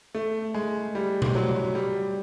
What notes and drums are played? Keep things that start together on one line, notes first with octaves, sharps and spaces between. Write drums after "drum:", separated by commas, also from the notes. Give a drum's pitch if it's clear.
A3
G#3
G3
drum: tom B2
F#3
G3